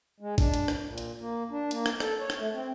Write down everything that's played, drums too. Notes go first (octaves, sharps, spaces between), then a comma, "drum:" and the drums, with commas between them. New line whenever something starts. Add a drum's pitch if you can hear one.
G#3
D4, drum: kick G#1, open hi-hat
drum: hi-hat
drum: rim click
A#2
drum: hi-hat
A#3
D4
A#3, drum: hi-hat
drum: rim click
A4, drum: rim click
C#5
drum: rim click
A3
C4